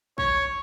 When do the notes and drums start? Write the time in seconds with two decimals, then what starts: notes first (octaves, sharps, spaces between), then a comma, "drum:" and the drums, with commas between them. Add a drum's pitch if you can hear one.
0.18 C#5, drum: kick